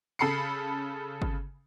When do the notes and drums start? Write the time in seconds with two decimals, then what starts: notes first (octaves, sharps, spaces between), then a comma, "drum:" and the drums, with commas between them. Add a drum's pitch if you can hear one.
0.19 C#3 A4 B5 C7 C#7
1.22 drum: kick G1